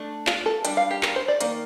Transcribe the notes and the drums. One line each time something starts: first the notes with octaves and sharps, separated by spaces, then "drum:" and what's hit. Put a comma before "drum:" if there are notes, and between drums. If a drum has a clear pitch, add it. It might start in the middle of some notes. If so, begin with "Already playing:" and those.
Already playing: A3 D4
F4, drum: clap
A4
G3 D4 G5, drum: hi-hat
F5
G4
A#4, drum: clap
C5
D5
D#3 A#3, drum: hi-hat